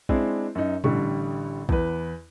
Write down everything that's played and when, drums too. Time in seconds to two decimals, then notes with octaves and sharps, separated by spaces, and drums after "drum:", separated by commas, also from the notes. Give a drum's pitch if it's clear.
0.09 G#3 C4 D4 E4, drum: kick
0.55 F#2 D#4
0.84 A1 D3 G3 C#6, drum: tom A#2
1.69 E2 B4, drum: kick